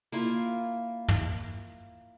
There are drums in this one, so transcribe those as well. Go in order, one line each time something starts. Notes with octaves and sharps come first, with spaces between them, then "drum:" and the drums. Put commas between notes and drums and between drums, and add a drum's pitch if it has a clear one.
A#3 E4 F4 A#4
drum: tom